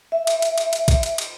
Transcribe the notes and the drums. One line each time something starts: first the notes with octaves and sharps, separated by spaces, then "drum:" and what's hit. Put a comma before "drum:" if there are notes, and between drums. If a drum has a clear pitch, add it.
E5
drum: cymbal
drum: cymbal
drum: cymbal
drum: cymbal
drum: kick, cymbal
drum: cymbal
drum: cymbal